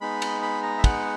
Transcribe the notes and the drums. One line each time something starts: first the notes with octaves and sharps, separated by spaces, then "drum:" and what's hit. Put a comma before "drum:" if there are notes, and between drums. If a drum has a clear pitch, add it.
G#3 B3 D#4 B5
drum: cymbal
B5
A#5
E5
F#5, drum: kick, cymbal